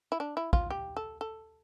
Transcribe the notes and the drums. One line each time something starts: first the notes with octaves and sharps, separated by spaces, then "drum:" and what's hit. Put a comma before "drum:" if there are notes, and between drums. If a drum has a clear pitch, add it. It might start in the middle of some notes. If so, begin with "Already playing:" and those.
E4
D4
E4
F4, drum: kick
G4
A4
A4